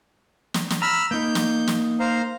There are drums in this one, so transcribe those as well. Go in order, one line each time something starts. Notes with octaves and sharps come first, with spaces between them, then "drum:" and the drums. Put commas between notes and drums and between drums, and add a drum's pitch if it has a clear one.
drum: snare
drum: snare
A#5 B5 E6 F6
A#3 D#4 G6
drum: snare
drum: snare
C5 F5 A#5